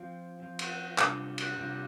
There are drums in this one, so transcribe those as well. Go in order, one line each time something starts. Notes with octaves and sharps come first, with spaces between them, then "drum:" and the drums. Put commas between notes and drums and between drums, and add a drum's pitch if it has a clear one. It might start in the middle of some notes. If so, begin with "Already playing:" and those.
Already playing: F3 C4 F4
F3 C4 F4
drum: cymbal
C3 G3 D4 F4, drum: clap
drum: cymbal
C3 G3 D4 F4